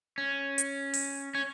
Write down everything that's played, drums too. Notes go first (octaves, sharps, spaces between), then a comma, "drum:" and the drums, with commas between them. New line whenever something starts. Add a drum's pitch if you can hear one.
C#4
drum: hi-hat
drum: open hi-hat
C#4